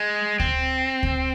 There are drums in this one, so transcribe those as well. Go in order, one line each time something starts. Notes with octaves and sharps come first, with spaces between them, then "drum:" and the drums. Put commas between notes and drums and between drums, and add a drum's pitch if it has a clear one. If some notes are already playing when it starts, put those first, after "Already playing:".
Already playing: G#3
C4, drum: kick D2
drum: kick D2